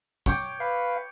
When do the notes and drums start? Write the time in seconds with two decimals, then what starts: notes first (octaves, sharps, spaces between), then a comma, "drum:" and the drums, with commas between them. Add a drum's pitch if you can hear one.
0.26 C#5 G5 D6, drum: kick, tambourine
0.60 B4 F5